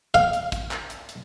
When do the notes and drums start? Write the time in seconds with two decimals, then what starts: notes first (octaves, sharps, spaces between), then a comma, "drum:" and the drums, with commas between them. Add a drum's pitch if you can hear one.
0.14 F5, drum: hi-hat
0.33 drum: hi-hat
0.52 drum: kick, hi-hat
0.71 drum: clap
0.90 drum: hi-hat
1.09 drum: hi-hat